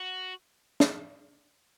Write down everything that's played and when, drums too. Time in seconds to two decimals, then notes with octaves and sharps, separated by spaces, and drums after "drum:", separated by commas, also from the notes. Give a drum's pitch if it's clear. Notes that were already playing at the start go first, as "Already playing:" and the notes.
Already playing: F#4
0.80 drum: snare